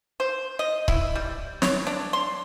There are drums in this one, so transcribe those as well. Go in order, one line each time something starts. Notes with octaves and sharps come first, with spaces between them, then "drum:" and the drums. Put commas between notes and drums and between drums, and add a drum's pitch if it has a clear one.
C5
D#5
E4, drum: kick
G3
C#5, drum: snare
D4
C6